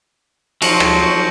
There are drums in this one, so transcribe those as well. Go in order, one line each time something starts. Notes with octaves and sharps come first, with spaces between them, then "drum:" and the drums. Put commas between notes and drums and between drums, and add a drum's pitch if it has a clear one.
F3 F#3 C5 A#6 C#7 F#7, drum: cymbal
drum: rim click
C#6